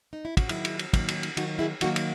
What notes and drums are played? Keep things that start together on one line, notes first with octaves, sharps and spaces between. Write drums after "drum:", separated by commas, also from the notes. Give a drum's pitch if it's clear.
D#4
E4
F#4, drum: kick, cymbal
D#3 F#3 A#3 E4 G#4, drum: cymbal
drum: cymbal
drum: cymbal
D#3 F#3 A#3, drum: kick, cymbal
drum: cymbal
drum: cymbal
D#3 F#3 A#3 D#4 F#4, drum: cymbal
E4 G#4
D#3 F#3 A#3 D#4 F#4, drum: cymbal
drum: cymbal